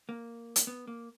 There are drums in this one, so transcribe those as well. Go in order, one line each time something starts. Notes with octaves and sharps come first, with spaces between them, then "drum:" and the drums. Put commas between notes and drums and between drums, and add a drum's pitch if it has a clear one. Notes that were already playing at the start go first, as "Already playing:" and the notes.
A#3
drum: hi-hat
B3
A#3